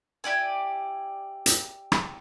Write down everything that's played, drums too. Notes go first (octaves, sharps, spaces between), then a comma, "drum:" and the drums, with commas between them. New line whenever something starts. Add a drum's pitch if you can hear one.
E4 G4 D5 G#5
drum: hi-hat
drum: rim click